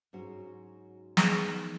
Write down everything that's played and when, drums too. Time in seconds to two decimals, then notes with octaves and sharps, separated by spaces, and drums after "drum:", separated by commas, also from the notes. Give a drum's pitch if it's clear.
0.13 G#2 F#3 C#4 F#4
1.17 D#3 G#3 B3, drum: snare